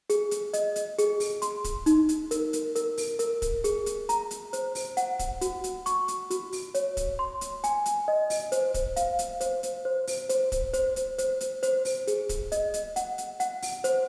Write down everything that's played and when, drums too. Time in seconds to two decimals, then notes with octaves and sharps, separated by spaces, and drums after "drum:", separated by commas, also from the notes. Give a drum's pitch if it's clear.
0.10 G#4, drum: hi-hat
0.31 drum: hi-hat
0.53 D#5, drum: hi-hat
0.76 drum: hi-hat
0.98 G#4, drum: hi-hat
1.20 drum: open hi-hat
1.42 C6, drum: hi-hat
1.64 drum: kick, hi-hat
1.86 D#4, drum: hi-hat
2.09 drum: hi-hat
2.31 A#4, drum: hi-hat
2.53 drum: hi-hat
2.75 A#4, drum: hi-hat
2.97 drum: open hi-hat
3.19 A#4, drum: hi-hat
3.42 drum: kick, hi-hat
3.64 G#4, drum: hi-hat
3.86 drum: hi-hat
4.09 A#5, drum: hi-hat
4.31 drum: hi-hat
4.53 C5, drum: hi-hat
4.75 drum: open hi-hat
4.97 F#5, drum: hi-hat
5.19 drum: kick, hi-hat
5.41 F#4, drum: hi-hat
5.64 drum: hi-hat
5.86 C#6, drum: hi-hat
6.08 drum: hi-hat
6.30 F#4, drum: hi-hat
6.52 drum: open hi-hat
6.75 C#5, drum: hi-hat
6.97 drum: kick, hi-hat
7.19 C6
7.41 drum: hi-hat
7.64 G#5, drum: hi-hat
7.86 drum: hi-hat
8.08 D#5
8.30 drum: open hi-hat
8.52 C5, drum: hi-hat
8.74 drum: kick, hi-hat
8.96 F5, drum: hi-hat
9.19 drum: hi-hat
9.41 C5, drum: hi-hat
9.63 drum: hi-hat
9.85 C5
10.07 drum: open hi-hat
10.29 C5, drum: hi-hat
10.52 drum: kick, hi-hat
10.74 C5, drum: hi-hat
10.96 drum: hi-hat
11.18 C5, drum: hi-hat
11.41 drum: hi-hat
11.63 C5, drum: hi-hat
11.85 drum: open hi-hat
12.07 G#4, drum: hi-hat
12.29 drum: kick, hi-hat
12.52 D#5, drum: hi-hat
12.74 drum: hi-hat
12.96 F#5, drum: hi-hat
13.18 drum: hi-hat
13.40 F#5, drum: hi-hat
13.62 drum: open hi-hat
13.84 C5, drum: hi-hat